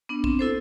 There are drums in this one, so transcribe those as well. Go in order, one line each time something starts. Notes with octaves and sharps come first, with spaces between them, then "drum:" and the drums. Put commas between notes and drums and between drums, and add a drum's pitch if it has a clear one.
B3 D4
C4, drum: kick
E4 A4 C5